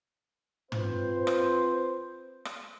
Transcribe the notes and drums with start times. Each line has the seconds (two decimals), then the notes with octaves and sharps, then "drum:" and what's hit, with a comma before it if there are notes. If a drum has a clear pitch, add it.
0.72 C4 F4 B4 C5, drum: tom
1.27 drum: rim click
2.45 drum: rim click